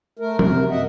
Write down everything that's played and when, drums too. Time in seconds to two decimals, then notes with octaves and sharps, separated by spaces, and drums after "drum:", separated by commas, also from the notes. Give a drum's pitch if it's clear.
0.19 A3 A#4
0.39 C3 A#4, drum: tom
0.70 F#2 D#5 E5 F#5